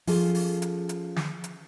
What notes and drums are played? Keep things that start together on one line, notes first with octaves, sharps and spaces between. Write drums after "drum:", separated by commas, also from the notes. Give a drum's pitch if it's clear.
F3 C#4 F4 G#4 A4, drum: open hi-hat
drum: open hi-hat
drum: hi-hat
drum: hi-hat
drum: snare
drum: hi-hat